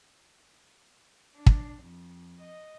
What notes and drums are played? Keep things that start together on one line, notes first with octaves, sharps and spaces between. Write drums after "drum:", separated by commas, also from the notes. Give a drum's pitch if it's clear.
D4
drum: kick
F2
D#5